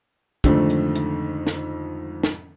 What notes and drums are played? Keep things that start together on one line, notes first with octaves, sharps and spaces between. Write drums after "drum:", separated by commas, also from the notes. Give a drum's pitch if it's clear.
F2 G#2 D3 D#3 A3, drum: kick, hi-hat
drum: hi-hat
drum: hi-hat
drum: snare
drum: snare